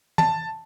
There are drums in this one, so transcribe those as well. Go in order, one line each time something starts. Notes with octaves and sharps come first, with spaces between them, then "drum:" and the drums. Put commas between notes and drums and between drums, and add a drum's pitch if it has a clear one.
A5, drum: tom